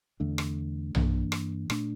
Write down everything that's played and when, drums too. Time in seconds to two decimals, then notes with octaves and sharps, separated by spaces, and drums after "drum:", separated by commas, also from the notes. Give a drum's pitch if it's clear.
0.20 E2 D3 A3 D4
0.38 drum: rim click
0.95 G2 E3 A#3 D4, drum: tom B1
1.32 drum: rim click
1.70 A#2 A3 D4, drum: rim click